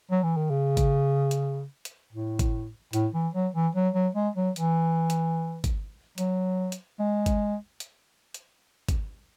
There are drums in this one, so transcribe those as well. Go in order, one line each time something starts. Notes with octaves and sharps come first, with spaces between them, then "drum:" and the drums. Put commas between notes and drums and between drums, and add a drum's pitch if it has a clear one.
F#3
E3
D#3
C#3
drum: kick, hi-hat
drum: hi-hat
drum: hi-hat
A2
drum: kick, hi-hat
A2, drum: hi-hat
E3
F#3
E3
F#3
F#3
G#3
F#3
E3, drum: hi-hat
drum: hi-hat
drum: kick, hi-hat
F#3, drum: hi-hat
drum: hi-hat
G#3
drum: kick, hi-hat
drum: hi-hat
drum: hi-hat
drum: kick, hi-hat